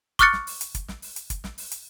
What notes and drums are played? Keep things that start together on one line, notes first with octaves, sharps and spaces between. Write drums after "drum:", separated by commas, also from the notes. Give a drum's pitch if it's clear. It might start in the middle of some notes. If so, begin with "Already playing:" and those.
C#6 D6 F6 F#6 A6 C#7, drum: kick, hi-hat
drum: snare
drum: open hi-hat
drum: hi-hat
drum: kick, hi-hat
drum: snare
drum: open hi-hat
drum: hi-hat
drum: kick, hi-hat
drum: snare
drum: open hi-hat
drum: hi-hat